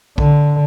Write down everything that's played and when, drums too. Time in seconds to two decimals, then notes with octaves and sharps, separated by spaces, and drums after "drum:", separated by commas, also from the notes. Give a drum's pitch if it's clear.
0.18 D3, drum: kick B1